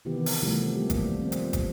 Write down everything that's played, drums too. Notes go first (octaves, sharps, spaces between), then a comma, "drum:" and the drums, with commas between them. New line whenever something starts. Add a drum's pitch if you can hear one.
C3 D#3 E3 B3 G4
drum: open hi-hat
C3 E3 F3 G3 A3
G3 A#3 G4
drum: kick, hi-hat
F3 C4
drum: hi-hat
drum: kick, hi-hat